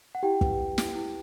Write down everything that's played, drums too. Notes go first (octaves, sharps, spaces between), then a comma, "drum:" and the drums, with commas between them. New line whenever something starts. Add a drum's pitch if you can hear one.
F#5
E4 G4 G5
B4, drum: kick
G4
E4, drum: snare
E4